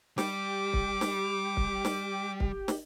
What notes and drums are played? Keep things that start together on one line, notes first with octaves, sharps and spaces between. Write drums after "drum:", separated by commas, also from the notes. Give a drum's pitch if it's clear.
G3 G4 D6, drum: snare
drum: kick
drum: snare
drum: kick
drum: snare
drum: kick
drum: snare